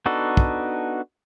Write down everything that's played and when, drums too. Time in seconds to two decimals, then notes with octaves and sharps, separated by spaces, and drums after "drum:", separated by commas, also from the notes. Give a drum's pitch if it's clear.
0.06 B3 D4 D#4 F#4 A4
0.37 drum: kick